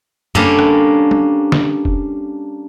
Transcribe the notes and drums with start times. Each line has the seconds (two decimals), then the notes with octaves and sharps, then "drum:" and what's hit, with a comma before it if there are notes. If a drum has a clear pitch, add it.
0.35 G3 A#3 C#4 D4 A4 A#4, drum: tom F#2
0.59 drum: rim click
1.11 drum: tom
1.52 drum: snare
1.85 drum: kick F1